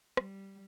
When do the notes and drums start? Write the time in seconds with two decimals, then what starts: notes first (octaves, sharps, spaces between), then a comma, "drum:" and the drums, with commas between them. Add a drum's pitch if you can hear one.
0.17 G3, drum: rim click